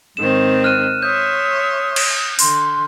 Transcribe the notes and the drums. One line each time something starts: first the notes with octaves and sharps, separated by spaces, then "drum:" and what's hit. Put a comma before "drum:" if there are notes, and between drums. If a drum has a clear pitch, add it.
G#2 D#3 C4 E7
F6 F#6 D#7
C#5 E5 C6 D#6 G6
drum: cymbal
D3 C6, drum: open hi-hat